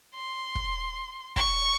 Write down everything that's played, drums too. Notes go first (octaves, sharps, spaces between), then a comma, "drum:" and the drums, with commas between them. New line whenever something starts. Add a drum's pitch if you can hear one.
C6
drum: kick
C#6, drum: kick